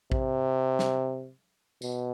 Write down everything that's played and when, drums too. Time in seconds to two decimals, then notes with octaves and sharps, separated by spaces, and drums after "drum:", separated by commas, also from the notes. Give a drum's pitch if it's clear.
0.12 C3, drum: kick A#1
0.79 drum: snare
1.82 B2, drum: tambourine